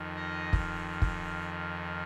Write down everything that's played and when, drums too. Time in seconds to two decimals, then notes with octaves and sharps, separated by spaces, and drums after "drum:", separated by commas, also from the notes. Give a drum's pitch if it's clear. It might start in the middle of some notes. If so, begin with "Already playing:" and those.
Already playing: F2 D#3
0.16 D#5
0.53 drum: kick
1.02 drum: kick